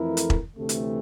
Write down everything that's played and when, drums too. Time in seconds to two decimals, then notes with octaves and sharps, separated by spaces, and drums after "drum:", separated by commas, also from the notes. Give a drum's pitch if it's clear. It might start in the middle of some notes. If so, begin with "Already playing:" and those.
Already playing: F2 E3 A3 E4 A#4
0.17 drum: hi-hat
0.30 drum: kick E1
0.56 D2 C3 E3 A3
0.69 drum: hi-hat